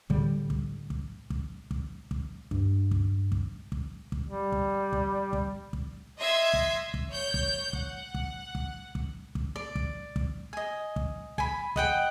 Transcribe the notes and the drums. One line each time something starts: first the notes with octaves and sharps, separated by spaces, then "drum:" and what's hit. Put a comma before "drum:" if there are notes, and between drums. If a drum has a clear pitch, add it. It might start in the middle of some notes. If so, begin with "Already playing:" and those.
A2 D3 G3, drum: kick
drum: kick
drum: kick
drum: kick
drum: kick
drum: kick
G2, drum: kick
drum: kick
drum: kick
drum: kick
drum: kick
G3
drum: kick
drum: kick
drum: kick
drum: kick
D#5 E5 C6 G#6
drum: kick
drum: kick
C#5 G6
drum: kick
F#5, drum: kick
drum: kick
drum: kick
drum: kick
drum: kick
D5
drum: kick
drum: kick
D#5 G#5
drum: kick
G#5 B5, drum: kick
D#5 F#5 G5, drum: kick